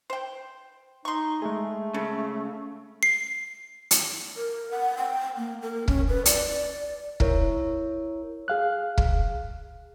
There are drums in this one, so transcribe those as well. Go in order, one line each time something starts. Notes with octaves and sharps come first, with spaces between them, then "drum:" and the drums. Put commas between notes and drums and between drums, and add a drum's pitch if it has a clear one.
C5 G5
D#4 C6 C#6
G#3 A3 G#4
C#3 A4
C7
drum: hi-hat
A#4
F#5
G5
A#3
A#4
C#4, drum: kick
B4
D5, drum: hi-hat
E4 A#4 C#5, drum: kick
G#4 F5 F#6
drum: kick